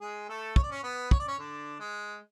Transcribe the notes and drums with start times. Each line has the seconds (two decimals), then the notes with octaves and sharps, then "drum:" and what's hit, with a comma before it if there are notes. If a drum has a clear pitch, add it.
0.01 G#3 G#4
0.29 A3 A4
0.56 C#5, drum: kick
0.63 D5
0.71 C#4 C#5
0.83 B3 B4
1.11 C#5, drum: kick
1.20 D5
1.27 C#4 C#5
1.39 D3 D4
1.80 G#3